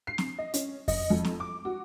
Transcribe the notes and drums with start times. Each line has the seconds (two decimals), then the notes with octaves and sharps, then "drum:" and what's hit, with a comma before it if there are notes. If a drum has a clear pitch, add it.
0.07 C7
0.18 drum: snare
0.38 D#5
0.54 C#4, drum: hi-hat
0.88 D#5, drum: kick F2, open hi-hat
1.10 F2
1.25 drum: snare
1.40 D6
1.65 F#4